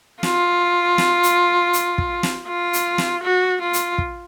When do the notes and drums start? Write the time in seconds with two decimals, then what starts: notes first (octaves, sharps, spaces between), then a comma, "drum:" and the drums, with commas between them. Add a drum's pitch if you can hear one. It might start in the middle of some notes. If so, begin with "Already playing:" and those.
0.23 F4, drum: snare
0.98 drum: snare
1.23 drum: hi-hat
1.73 drum: hi-hat
1.98 drum: kick
2.23 drum: snare
2.48 F4
2.73 drum: hi-hat
2.98 drum: snare
3.24 F#4
3.61 F4
3.73 drum: hi-hat
3.98 drum: kick